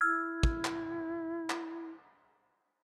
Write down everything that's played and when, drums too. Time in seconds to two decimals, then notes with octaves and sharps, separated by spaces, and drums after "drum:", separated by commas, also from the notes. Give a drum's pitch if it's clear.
0.01 E4 E6 F6 G#6
0.43 drum: kick
0.65 drum: clap
1.50 drum: clap